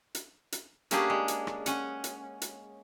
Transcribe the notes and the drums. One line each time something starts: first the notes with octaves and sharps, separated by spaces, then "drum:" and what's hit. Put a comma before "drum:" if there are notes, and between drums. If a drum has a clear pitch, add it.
drum: hi-hat
drum: hi-hat
A3 A#3 C#4 D4 G4 G#4, drum: hi-hat
G#3
drum: hi-hat
drum: rim click
C#4 F#5, drum: hi-hat
drum: hi-hat
drum: hi-hat